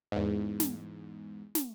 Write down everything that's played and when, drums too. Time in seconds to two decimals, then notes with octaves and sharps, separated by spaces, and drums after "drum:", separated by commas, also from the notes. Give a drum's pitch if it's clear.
0.12 E2 G#2
0.60 drum: snare
1.55 drum: snare